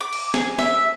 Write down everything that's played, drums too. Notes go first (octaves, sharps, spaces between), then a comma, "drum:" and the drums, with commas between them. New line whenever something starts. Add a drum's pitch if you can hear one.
D6
drum: cymbal
G#4, drum: snare
E5, drum: snare